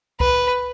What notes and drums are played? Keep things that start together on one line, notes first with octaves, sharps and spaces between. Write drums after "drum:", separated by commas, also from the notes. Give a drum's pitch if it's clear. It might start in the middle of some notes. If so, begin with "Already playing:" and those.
B4, drum: kick